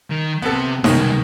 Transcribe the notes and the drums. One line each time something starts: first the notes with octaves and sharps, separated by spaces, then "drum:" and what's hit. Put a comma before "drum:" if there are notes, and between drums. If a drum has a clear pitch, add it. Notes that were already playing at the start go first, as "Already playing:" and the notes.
D#3
C3 B3 A4
C2 B2 D#3 G#3, drum: snare D#4